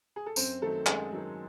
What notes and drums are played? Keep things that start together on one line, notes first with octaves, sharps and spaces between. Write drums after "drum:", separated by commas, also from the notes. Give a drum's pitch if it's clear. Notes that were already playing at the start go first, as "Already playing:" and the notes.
G#4
A4
F#2 C4 C5, drum: tambourine
D#3 F#3 A3 A4
F#2 G#3 G#4, drum: clap
D#3 F#3